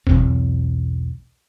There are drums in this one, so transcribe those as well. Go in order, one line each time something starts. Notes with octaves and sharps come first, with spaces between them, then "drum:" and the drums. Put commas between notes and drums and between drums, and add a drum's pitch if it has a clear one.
B1 E2 G#2 C4, drum: kick